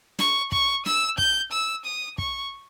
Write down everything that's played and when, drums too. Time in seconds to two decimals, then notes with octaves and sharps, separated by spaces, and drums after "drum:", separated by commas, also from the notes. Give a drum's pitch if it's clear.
0.19 C#6, drum: snare
0.52 C#6, drum: kick
0.86 E6, drum: snare
1.18 G6, drum: kick
1.52 E6
1.85 D#6
2.18 C#6, drum: kick